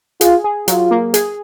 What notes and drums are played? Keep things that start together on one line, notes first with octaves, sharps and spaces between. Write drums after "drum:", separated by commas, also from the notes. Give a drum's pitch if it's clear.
F4 G#4, drum: hi-hat
G#4
F#3 F4, drum: hi-hat
A#3
G#4, drum: hi-hat